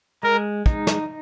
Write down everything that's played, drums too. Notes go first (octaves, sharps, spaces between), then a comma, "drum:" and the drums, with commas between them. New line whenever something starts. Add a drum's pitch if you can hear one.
G#3 A#4
D#4, drum: kick
drum: snare